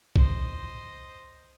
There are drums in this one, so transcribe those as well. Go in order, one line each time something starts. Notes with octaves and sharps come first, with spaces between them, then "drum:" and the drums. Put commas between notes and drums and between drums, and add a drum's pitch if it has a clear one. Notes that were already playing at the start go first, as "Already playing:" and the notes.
C5 D#5, drum: kick